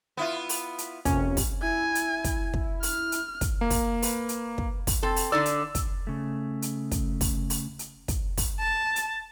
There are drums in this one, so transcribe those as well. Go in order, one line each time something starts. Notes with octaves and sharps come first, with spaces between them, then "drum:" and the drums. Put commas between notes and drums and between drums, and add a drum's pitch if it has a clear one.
B3 E4 F4
drum: open hi-hat
drum: hi-hat
F2 C3 A#3 C#4, drum: kick, hi-hat
drum: kick, open hi-hat
E4 G#5
drum: hi-hat
drum: kick, hi-hat
drum: kick
F6, drum: open hi-hat
drum: hi-hat
drum: kick, hi-hat
A#3
drum: kick, open hi-hat
B4, drum: open hi-hat
drum: hi-hat
drum: kick
drum: kick, open hi-hat
C4 A4
drum: open hi-hat
D3 D#4 D5 E6
drum: hi-hat
drum: kick, hi-hat
C#3 A3
drum: hi-hat
drum: kick, hi-hat
drum: kick, open hi-hat
drum: open hi-hat
drum: hi-hat
drum: kick, hi-hat
drum: kick, open hi-hat
A5
drum: hi-hat